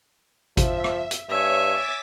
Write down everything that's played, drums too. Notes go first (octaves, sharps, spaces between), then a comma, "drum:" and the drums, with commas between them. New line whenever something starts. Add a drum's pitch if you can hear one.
F3 E5, drum: kick G#1, hi-hat
drum: rim click
drum: hi-hat
G2 C#5 E5 G#5
D6 A6 B6